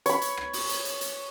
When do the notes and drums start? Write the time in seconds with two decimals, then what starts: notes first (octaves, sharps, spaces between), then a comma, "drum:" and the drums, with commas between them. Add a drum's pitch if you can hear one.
0.06 C#5 B5, drum: hi-hat
0.22 drum: hi-hat
0.37 drum: rim click
0.53 drum: open hi-hat
0.69 drum: hi-hat
0.85 drum: hi-hat
1.01 drum: hi-hat